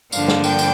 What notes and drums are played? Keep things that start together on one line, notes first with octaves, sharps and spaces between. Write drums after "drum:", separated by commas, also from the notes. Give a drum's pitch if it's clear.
G2 D3 F3 A#3 D4 F5, drum: tambourine
drum: snare
G5, drum: tambourine
drum: tambourine